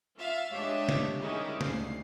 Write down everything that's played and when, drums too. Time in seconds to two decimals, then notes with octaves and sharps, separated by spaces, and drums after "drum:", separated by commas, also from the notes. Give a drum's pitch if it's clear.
0.16 F4 E5 F5
0.53 G#3 D4 G4 C#5 E5
0.89 drum: snare
1.20 D#3 G3 G#3 C#4 D#4 E4
1.61 D2 C7, drum: snare